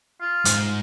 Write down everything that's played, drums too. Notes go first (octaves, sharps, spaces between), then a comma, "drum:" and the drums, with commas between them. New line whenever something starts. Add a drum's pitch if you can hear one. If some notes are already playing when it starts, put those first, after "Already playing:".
F4
G#2, drum: hi-hat